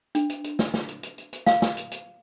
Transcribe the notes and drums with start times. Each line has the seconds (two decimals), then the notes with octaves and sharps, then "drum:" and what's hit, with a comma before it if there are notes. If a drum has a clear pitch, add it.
0.15 D4, drum: hi-hat
0.30 drum: hi-hat
0.44 drum: hi-hat
0.59 drum: snare
0.74 drum: snare
0.88 drum: hi-hat
1.03 drum: hi-hat
1.18 drum: hi-hat
1.33 drum: hi-hat
1.46 F5, drum: snare
1.62 drum: snare
1.77 drum: hi-hat
1.91 drum: hi-hat